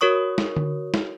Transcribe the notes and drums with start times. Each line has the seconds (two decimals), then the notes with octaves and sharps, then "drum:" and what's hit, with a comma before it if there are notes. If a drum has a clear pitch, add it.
0.01 F#4 A#4 C#5 C#6 D#6
0.38 drum: snare
0.57 drum: tom D3
0.94 drum: snare